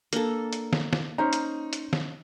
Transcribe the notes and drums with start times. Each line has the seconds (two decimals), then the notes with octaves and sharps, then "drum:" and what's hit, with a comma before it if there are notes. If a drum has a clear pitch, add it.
0.13 A#3 D4 A4, drum: hi-hat
0.53 drum: hi-hat
0.73 drum: snare
0.93 drum: snare
1.18 C#4 D#4 C5 A#5
1.33 drum: hi-hat
1.73 drum: hi-hat
1.93 drum: snare